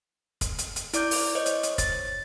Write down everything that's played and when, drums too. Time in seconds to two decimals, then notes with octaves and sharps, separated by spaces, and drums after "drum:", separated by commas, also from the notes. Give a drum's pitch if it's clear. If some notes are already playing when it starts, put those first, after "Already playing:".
0.41 drum: kick, hi-hat
0.59 drum: hi-hat
0.76 drum: hi-hat
0.94 E4 D5 D6 G6, drum: hi-hat
1.11 drum: open hi-hat
1.35 C5 C#5 D#5
1.46 drum: hi-hat
1.63 drum: hi-hat
1.78 A6, drum: kick, hi-hat